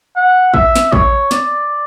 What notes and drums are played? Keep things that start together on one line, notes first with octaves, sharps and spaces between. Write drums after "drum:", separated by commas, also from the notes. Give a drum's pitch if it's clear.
F#5
E5, drum: kick A1
drum: snare
C#5, drum: kick A1
D5, drum: snare